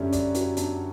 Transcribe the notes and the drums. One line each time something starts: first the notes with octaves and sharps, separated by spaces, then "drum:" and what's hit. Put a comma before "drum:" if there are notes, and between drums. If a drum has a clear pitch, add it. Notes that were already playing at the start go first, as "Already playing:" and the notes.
Already playing: F#2 D3 G3 C#4 E5
D5, drum: kick, hi-hat
F#4, drum: hi-hat
D4, drum: hi-hat